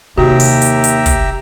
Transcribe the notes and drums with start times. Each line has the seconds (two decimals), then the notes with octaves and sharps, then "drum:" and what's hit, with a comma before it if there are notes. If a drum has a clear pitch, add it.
0.18 D#2 C3 F#4 G4 E5 A#5
0.40 drum: open hi-hat
0.62 drum: hi-hat
0.84 drum: hi-hat
1.06 drum: kick, hi-hat